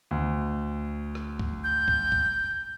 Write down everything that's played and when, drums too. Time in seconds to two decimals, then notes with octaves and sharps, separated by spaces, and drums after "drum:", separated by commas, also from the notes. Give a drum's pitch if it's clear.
0.11 D2
1.15 drum: rim click
1.39 drum: kick
1.64 G6
1.88 drum: kick
2.12 drum: kick